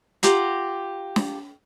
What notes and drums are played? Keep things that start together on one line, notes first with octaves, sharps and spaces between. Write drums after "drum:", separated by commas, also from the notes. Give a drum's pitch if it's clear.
F4 G4 F#5 A#5, drum: hi-hat
drum: snare